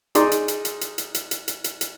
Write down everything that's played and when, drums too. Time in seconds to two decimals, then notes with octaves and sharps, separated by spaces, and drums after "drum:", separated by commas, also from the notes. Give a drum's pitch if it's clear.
0.15 D#4 G#4 D5 C6, drum: hi-hat
0.32 drum: hi-hat
0.48 drum: hi-hat
0.65 drum: hi-hat
0.81 drum: hi-hat
0.98 drum: hi-hat
1.14 drum: hi-hat
1.31 drum: hi-hat
1.48 drum: hi-hat
1.64 drum: hi-hat
1.81 drum: hi-hat